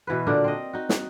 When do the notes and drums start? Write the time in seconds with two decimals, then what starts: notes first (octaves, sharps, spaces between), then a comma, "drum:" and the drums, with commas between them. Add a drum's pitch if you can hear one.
0.07 B2 E3 B3 B4
0.27 A#2 D3 D4 A#4
0.44 C4 D#5
0.73 D#4 F#4
0.89 drum: snare